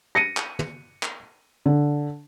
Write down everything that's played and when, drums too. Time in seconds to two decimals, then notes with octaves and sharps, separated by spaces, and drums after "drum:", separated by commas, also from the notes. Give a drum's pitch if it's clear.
0.15 A#6 C#7 D#7
0.37 drum: clap
0.59 drum: tom
1.03 drum: clap
1.66 D3